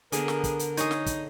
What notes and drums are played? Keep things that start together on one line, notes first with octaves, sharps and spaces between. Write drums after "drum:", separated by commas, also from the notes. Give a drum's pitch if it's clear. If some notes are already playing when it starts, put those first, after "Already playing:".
D3 B3 G#4 A#4, drum: hi-hat
drum: snare
drum: kick, hi-hat
drum: hi-hat
D#4 G#4 C#5, drum: hi-hat
drum: snare
drum: kick, hi-hat